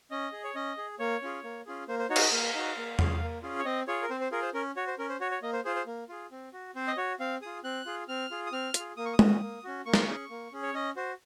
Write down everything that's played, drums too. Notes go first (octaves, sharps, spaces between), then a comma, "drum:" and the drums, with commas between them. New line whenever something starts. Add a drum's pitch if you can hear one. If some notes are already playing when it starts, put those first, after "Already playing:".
C#4 D#5
G#4
C#5
C#4 D#5
G#4
A#3 C#5
C#4 F4 G#4
A#3
C#4 F4 G#4
A#3 C5
C5
D#4 F#4 C#5
F5, drum: cymbal
D#5
A#3 F5
D#4 F#4
A#3
C#4 F4 G#4, drum: tom E2
A#3
C#4 F4 G#4
C#5
C4 D#5
F4 G#4 C#5
A#4
C4 C5
C5
F4 G#4 A#4
C5
C#4 A#4
F#4 C#5
C5
C#4 A#4
C5
F#4 C#5
C#5
A#3 D#5
C5
F4 G#4 C5
C5
A#3
F4 G#4
C4
F#4
C4 C5
D#5
F#4 C#5
C4 F5
F4 G#4 D#6
C4 F#6
F4 G#4
C4 F6
F4 G#4
D#6
C4 F6
F4, drum: hi-hat
G#4
A#3 D#6
C#6
D#6
C#4 F#4, drum: tom G#3
A#3
C#4 F#4
A#3 C#6
C6, drum: snare
C#6
C#4 G#4
A#3
C#4 G#4
C#5
C#4 D#5
F#4 C5